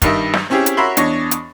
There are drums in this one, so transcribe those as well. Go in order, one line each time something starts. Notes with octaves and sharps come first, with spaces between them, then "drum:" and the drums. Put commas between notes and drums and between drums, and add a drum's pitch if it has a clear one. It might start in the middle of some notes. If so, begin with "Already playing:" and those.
G2 D#3 G3 D#5 E5, drum: kick, hi-hat
drum: snare
C4 C#4 E4 G4 G#4
drum: hi-hat
F#4 A#4 C#5 E5 B5 C6
E2 D4 C#5 D#5 C#6, drum: hi-hat
drum: hi-hat